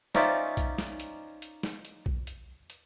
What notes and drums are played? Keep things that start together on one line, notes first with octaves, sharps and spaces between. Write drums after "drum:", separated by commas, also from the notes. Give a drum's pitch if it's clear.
C#4 D#4 F4 C5 D5 E5, drum: snare
drum: kick A#1, hi-hat
drum: snare
drum: hi-hat
drum: hi-hat
drum: snare
drum: hi-hat
drum: kick A#1
drum: hi-hat
drum: hi-hat